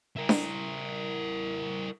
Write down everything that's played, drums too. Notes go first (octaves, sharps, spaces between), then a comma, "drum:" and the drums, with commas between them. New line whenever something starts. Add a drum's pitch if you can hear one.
E4 A#4
drum: snare D4